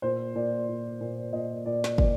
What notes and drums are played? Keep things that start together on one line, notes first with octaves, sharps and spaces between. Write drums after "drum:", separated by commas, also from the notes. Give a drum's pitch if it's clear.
A#2 C5
A#2 D5
A#2
A#2
A#2 D#5
A#2 D5
drum: snare
A#2 D5, drum: kick